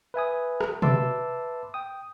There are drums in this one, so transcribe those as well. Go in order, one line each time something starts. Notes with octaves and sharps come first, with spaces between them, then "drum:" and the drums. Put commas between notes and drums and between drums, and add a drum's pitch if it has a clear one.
B4 E5 G#5 D#6
drum: rim click
B4 E5 A5 C6 D6 E6, drum: tom B2
G5 D#6